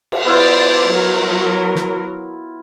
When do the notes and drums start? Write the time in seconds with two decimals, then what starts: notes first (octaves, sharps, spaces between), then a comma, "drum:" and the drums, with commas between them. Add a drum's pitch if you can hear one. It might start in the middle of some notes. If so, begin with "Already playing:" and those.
0.12 drum: cymbal
0.25 B3 E4 F4 C5 D5
0.92 F#3 A#4
1.75 drum: snare